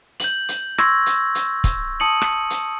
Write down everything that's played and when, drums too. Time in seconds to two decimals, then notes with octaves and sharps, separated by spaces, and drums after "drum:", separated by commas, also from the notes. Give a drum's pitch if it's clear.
0.20 G6 F#7, drum: hi-hat
0.49 drum: hi-hat
0.78 C6 C#6 E6 G#6 A#6, drum: rim click
1.06 drum: hi-hat
1.35 drum: hi-hat
1.64 drum: kick, hi-hat
2.00 A5 D#6 C#7 D#7 F#7
2.22 drum: rim click
2.50 drum: hi-hat